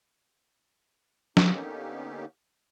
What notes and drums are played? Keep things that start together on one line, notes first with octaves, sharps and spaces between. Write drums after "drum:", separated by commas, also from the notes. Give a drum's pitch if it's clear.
D3 A#3 B3 C#4 D#4 G4, drum: snare F#3